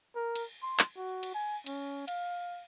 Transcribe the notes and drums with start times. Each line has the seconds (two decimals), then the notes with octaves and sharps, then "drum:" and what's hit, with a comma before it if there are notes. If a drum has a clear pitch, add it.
0.16 A#4
0.36 drum: cymbal
0.62 C6
0.79 drum: clap
0.97 F#4
1.23 drum: cymbal
1.34 G#5
1.66 C#4, drum: cymbal
2.08 F5, drum: cymbal